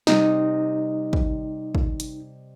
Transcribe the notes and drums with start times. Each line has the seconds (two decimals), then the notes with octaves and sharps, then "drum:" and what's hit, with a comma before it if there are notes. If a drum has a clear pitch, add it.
0.07 C3 G3 D#4 D#5, drum: snare
1.13 drum: kick
1.75 drum: kick
2.00 drum: hi-hat